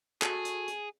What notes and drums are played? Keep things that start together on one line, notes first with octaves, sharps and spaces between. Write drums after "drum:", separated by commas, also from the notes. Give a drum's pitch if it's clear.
F#4 G#4 A4, drum: clap
drum: hi-hat
drum: hi-hat